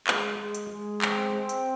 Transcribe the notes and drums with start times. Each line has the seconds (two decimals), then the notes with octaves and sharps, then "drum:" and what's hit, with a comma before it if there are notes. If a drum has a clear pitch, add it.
0.07 G#3, drum: clap
0.39 G#3
0.55 drum: hi-hat
0.70 G#3
1.02 C4, drum: clap
1.33 C4
1.49 drum: hi-hat